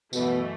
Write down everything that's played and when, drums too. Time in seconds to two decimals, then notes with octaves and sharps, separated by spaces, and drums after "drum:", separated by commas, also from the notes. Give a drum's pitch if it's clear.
0.13 F#2 B2 E3 A3, drum: tambourine